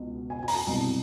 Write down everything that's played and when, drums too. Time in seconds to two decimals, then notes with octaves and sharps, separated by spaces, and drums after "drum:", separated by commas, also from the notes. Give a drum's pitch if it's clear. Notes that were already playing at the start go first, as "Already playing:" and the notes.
Already playing: C#2 B2
0.30 G#5
0.43 G#5
0.48 A#5, drum: open hi-hat
0.54 A5
0.67 C2 B2 F#3 A5